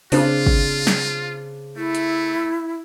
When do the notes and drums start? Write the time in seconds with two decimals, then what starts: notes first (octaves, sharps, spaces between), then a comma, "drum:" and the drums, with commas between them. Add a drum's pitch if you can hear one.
0.12 C#3 C4 D4 F4, drum: open hi-hat
0.46 drum: kick
0.87 drum: snare
1.77 A3 E4
1.95 drum: hi-hat